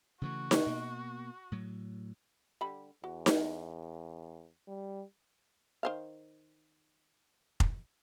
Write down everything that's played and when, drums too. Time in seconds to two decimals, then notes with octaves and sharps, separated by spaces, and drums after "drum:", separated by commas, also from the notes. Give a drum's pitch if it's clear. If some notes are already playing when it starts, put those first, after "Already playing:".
0.22 C#3 E3 A3 F#4
0.51 drum: snare D#4
0.66 B2 A#3
1.52 A2 F#3
2.61 D3 G3 B5
3.04 E2 F#4
3.26 drum: snare D#4
4.68 G3
5.83 D#3 C5 F5
7.60 drum: kick F1